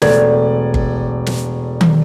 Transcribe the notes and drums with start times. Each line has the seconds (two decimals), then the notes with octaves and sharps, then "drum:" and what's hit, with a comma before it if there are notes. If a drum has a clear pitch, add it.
0.02 E1 A3 D5 G#6, drum: snare
0.74 drum: kick G1
1.26 drum: snare
1.81 drum: tom D#3